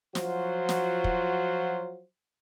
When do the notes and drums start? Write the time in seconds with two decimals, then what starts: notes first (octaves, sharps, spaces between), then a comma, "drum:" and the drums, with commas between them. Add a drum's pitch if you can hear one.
0.15 F3 F#3 F4 F#4 C5, drum: snare
0.69 drum: snare
1.04 drum: kick